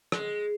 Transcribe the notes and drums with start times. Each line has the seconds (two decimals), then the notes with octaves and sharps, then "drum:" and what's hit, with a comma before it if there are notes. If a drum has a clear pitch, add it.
0.12 G#3, drum: rim click